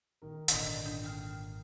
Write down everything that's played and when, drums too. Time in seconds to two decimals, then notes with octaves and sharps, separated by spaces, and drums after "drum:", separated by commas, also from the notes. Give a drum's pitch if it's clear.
0.22 D#3 A#4
0.48 G#1 A#2 D3 D5 D#5 D#6, drum: hi-hat
0.86 D4
1.05 G5 F6